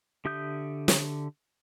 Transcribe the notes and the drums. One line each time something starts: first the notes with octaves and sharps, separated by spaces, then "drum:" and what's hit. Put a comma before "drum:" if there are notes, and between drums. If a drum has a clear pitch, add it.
D3 G4 E5 D#6 G6
drum: snare